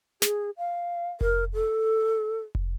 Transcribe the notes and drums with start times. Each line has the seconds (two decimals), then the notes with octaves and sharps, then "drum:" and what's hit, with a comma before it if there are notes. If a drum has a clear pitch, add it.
0.22 G#4, drum: snare
0.58 F5
1.21 A#4, drum: kick F1
1.54 A4
2.55 drum: kick F1